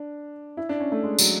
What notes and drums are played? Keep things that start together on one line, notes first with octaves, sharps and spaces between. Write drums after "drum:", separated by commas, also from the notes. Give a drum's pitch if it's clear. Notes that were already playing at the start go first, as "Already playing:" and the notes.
Already playing: D4
E4
D4
C#4
A3
G#3
F#3, drum: tambourine